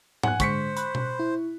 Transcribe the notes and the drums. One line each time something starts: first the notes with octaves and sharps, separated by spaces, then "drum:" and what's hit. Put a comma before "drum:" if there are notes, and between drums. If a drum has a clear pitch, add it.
F#5 G#5 F#6, drum: tom G#2
D3 G#3 C5 C#6 B6 C#7, drum: kick, hi-hat
B5 F#6, drum: hi-hat
drum: tom B2
E4